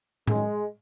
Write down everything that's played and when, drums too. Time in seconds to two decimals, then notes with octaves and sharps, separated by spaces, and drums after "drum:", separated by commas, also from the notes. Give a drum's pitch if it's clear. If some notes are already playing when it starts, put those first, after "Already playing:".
0.27 F#2 D#3 F#3 G#3, drum: tom A2